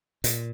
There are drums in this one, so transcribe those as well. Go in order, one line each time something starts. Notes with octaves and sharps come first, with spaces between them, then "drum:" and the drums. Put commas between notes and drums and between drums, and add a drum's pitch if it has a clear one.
A#2, drum: hi-hat